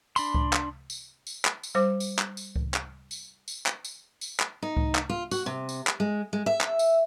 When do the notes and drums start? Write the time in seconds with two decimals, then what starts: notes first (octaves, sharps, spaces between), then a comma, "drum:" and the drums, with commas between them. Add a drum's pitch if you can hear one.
0.16 D4 B5 C6, drum: tambourine
0.35 drum: kick C#2
0.53 drum: clap
0.90 drum: tambourine
1.27 drum: tambourine
1.45 drum: clap
1.63 drum: tambourine
1.75 G3 C5 D6
2.00 drum: tambourine
2.19 drum: clap
2.37 drum: tambourine
2.56 drum: kick C#2
2.74 drum: clap
3.11 drum: tambourine
3.48 drum: tambourine
3.66 drum: clap
3.85 drum: tambourine
4.21 drum: tambourine
4.40 drum: clap
4.62 D#4
4.77 drum: kick C#2
4.95 drum: clap
5.09 F4
5.31 F#4, drum: tambourine
5.46 C3
5.69 drum: tambourine
5.87 drum: clap
6.00 G#3
6.33 G#3
6.46 E5
6.61 drum: clap
6.79 drum: tambourine